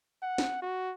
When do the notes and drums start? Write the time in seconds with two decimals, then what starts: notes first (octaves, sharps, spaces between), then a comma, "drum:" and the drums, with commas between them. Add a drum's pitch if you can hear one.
0.22 F#5
0.38 drum: snare
0.62 F#4